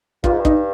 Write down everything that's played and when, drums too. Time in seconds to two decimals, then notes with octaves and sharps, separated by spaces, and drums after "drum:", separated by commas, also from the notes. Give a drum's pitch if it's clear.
0.24 G2 F4, drum: kick
0.32 G#2
0.39 G2
0.45 D#4, drum: kick